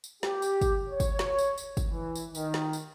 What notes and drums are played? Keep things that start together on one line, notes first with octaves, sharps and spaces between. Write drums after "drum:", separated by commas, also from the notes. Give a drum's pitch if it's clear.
drum: tambourine
G4, drum: snare
drum: tambourine
drum: kick, tambourine
C#5
drum: kick, tambourine
drum: snare
drum: tambourine
drum: tambourine
drum: kick, tambourine
E3
drum: tambourine
D#3, drum: tambourine
drum: snare
drum: tambourine